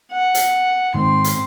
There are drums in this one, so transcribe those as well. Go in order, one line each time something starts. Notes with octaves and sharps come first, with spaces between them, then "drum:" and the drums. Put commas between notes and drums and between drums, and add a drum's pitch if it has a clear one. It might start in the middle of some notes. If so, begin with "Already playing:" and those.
F#5
drum: hi-hat
G#2 D#3 C4 C6
drum: hi-hat